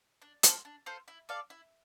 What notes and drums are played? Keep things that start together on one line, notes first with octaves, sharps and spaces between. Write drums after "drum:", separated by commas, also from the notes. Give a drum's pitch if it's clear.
D4
F4 A4 C5, drum: hi-hat
D4
F4 A4 C5
E4
A4 D5 F5
E4